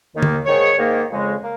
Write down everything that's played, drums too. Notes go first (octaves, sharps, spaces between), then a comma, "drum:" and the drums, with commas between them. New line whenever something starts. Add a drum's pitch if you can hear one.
D#2 D#3 A#3
drum: tom D3
G#2 D#3 G#3 C#5
G#2 D#3 A#3
F2 C#3 G#3
A#3